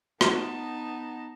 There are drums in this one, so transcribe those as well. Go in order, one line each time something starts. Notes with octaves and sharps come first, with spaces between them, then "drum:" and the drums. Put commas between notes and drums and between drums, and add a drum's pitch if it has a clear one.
B3 D#4 A5, drum: rim click